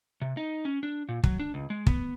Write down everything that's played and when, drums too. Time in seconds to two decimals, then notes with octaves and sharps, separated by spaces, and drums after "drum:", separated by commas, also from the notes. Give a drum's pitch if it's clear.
0.22 C3
0.37 D#4
0.65 C#4
0.83 D4
1.09 A#2
1.24 F#3, drum: kick
1.40 D4
1.54 C#2
1.70 G#3
1.87 B3, drum: kick